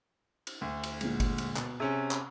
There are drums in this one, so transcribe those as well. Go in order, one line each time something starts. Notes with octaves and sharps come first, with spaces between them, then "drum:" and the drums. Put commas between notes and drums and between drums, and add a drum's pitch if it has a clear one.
drum: cymbal
D2
drum: cymbal
A#2 D3 G#3, drum: cymbal
drum: kick G1, cymbal
drum: cymbal
B2, drum: clap
C3 C#4 G#4
drum: clap